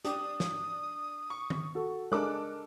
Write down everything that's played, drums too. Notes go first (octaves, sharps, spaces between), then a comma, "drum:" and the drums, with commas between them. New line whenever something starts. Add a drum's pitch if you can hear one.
D4 G4 D#6, drum: hi-hat
drum: snare
C#6
drum: tom D#3
F#4 A4
G#3 D4 A4 A#4 D6 F#6